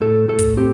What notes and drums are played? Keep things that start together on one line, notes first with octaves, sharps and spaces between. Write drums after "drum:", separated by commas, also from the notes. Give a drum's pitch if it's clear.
A2 A4
A2 A4
drum: kick, hi-hat
C4 G4